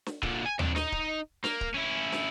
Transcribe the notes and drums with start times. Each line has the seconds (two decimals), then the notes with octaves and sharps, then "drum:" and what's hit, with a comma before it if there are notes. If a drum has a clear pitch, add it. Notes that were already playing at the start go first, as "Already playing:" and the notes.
0.06 drum: snare
0.23 A#2 D3, drum: kick D1
0.45 G#5
0.59 F2 D4, drum: tom D#2
0.76 D#4 D#5, drum: snare
0.92 drum: kick D1
1.44 A#3, drum: snare
1.61 drum: kick D1
1.74 C#4 E4
2.12 drum: snare